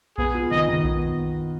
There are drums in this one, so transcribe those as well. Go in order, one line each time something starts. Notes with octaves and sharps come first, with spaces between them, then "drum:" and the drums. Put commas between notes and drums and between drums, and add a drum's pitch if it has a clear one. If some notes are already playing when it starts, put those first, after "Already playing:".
B3 G#4, drum: kick A#1
F4
D#3 D#5
D#3
B3, drum: kick A#1